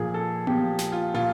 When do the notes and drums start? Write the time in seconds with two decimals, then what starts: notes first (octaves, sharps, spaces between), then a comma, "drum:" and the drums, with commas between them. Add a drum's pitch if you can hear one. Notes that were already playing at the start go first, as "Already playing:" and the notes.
Already playing: A#2 F3 G#4
0.14 A4
0.47 A#2 F3 G4, drum: tom B3
0.79 drum: snare
0.92 F4
1.14 A#2 F4